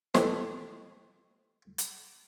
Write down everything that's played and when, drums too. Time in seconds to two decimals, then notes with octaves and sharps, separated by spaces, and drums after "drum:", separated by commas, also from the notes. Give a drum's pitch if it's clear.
0.14 B2 E3 G#3 A3 C4, drum: snare
1.78 drum: hi-hat